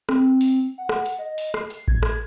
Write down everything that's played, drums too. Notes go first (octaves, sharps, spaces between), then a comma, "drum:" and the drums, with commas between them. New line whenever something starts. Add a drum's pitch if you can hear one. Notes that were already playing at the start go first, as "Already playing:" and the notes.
C4, drum: rim click
drum: open hi-hat
F#5
drum: rim click
drum: hi-hat
D#5
drum: open hi-hat
C7, drum: rim click
drum: hi-hat
G#6, drum: kick A1
drum: rim click